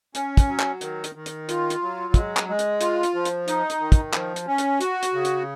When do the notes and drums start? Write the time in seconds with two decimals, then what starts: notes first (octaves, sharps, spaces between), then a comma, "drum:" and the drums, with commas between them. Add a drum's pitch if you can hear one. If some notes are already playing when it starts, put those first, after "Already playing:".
0.15 C#4, drum: hi-hat
0.37 drum: kick, hi-hat
0.48 F#3
0.60 drum: clap
0.81 D#3, drum: hi-hat
1.04 drum: hi-hat
1.15 D#3
1.26 drum: hi-hat
1.49 F4, drum: hi-hat
1.70 drum: hi-hat
1.82 F#3
2.14 G#3, drum: kick, hi-hat
2.37 drum: clap
2.48 G#3
2.59 drum: hi-hat
2.81 F4, drum: hi-hat
3.03 drum: hi-hat
3.14 F3
3.25 drum: hi-hat
3.48 D#4, drum: hi-hat
3.70 drum: hi-hat
3.80 D#3
3.92 drum: kick, hi-hat
4.13 F3, drum: clap
4.36 drum: hi-hat
4.47 C#4
4.58 drum: hi-hat
4.81 F#4, drum: hi-hat
5.03 drum: hi-hat
5.14 C#3
5.25 drum: hi-hat